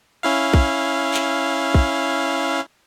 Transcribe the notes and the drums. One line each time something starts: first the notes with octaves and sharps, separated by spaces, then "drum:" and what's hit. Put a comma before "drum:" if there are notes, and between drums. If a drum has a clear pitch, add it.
C#4 E4 F5
drum: kick
drum: clap
drum: kick